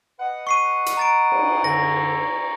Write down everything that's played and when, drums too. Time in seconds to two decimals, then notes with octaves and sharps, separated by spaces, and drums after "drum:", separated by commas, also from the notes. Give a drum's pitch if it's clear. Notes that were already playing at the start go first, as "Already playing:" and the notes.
0.20 B4 D#5 F#5
0.47 C#6 C7 D#7
0.86 drum: hi-hat
0.97 A#5 A6 D7
1.32 drum: cymbal
1.64 F#2 D3 A#6